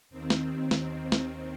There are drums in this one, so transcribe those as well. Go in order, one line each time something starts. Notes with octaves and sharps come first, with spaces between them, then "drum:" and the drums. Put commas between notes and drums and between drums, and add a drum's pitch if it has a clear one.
D#2 D#3 C4
drum: snare
drum: snare
drum: snare